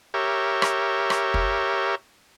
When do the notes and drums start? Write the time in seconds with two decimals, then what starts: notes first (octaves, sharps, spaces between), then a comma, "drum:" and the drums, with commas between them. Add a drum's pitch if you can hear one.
0.14 G4 A#4 C#5 E5
0.62 drum: rim click
1.10 drum: rim click
1.34 drum: kick